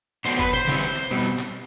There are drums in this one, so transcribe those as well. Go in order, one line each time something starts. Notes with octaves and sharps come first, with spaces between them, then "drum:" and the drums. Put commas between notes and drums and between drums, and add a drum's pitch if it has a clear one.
D3 F#3 B3 D4 C5
B4, drum: kick G1, hi-hat
C5, drum: tom
C#3 E3 G3 C4 E4, drum: tom
drum: clap
B2 G3 C4
drum: hi-hat
drum: clap